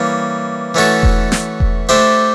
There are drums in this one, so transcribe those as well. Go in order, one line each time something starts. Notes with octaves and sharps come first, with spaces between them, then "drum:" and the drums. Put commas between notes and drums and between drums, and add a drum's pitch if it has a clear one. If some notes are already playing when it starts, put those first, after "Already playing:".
Already playing: E3 G3 A#3 C#4
E3 A3 C#4 F#4 A4
drum: kick E1
drum: snare
drum: kick E1
A3 D4 G4 C5 E5